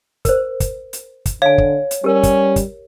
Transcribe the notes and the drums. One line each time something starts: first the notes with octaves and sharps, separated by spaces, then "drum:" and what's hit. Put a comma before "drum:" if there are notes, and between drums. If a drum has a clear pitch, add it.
A#4 C5, drum: kick, hi-hat
drum: kick, hi-hat
drum: hi-hat
drum: kick, hi-hat
D3 C#5 F5 G#5
drum: kick
drum: hi-hat
G3 C#4 G4 A#4
drum: kick, hi-hat
drum: kick, hi-hat